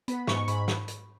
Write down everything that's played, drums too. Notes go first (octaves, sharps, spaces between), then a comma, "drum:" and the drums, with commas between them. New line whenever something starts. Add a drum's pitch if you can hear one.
B3 B5, drum: hi-hat
G#2 C#6, drum: snare
G#2 B5, drum: hi-hat
drum: snare
drum: hi-hat